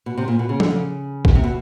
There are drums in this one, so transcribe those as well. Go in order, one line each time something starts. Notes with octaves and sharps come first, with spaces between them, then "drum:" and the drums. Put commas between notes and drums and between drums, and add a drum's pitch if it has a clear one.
B2
C3
A#2
B2
C#3
D3, drum: tom F3
C#3
drum: kick
C3
B2